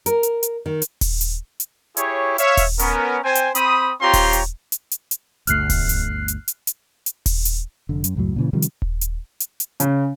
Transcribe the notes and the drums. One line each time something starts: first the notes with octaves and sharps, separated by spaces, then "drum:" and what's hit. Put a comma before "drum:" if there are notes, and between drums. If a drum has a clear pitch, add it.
A#4, drum: hi-hat
drum: hi-hat
drum: hi-hat
D#3
drum: hi-hat
drum: kick D#1, open hi-hat
drum: hi-hat
drum: hi-hat
E4 G4 G#4 C#5, drum: hi-hat
C#5 E5 F5, drum: hi-hat
drum: kick D#1, open hi-hat
B3 C#4 A#4, drum: hi-hat
C4 C5 G5 G#5
drum: hi-hat
C4 B5 D#6, drum: hi-hat
C4 F4 G4 C#5 A#5 C6
drum: kick D#1, open hi-hat
drum: hi-hat
drum: hi-hat
drum: hi-hat
drum: hi-hat
G1 D2 A3 F6 F#6 C7, drum: hi-hat
drum: kick D#1, open hi-hat
drum: hi-hat
drum: hi-hat
drum: hi-hat
drum: hi-hat
drum: hi-hat
drum: kick D#1, open hi-hat
drum: hi-hat
F1 D3
F#2, drum: hi-hat
C#2 F#2 A2 F#3
A#2 C#3 E3
C3 D#3 F3 G3
drum: hi-hat
drum: kick D#1
drum: hi-hat
drum: hi-hat
drum: hi-hat
C#3, drum: hi-hat